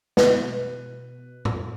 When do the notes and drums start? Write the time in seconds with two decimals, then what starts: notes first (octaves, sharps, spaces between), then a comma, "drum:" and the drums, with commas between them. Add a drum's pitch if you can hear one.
0.17 B2 B4, drum: snare
1.45 drum: tom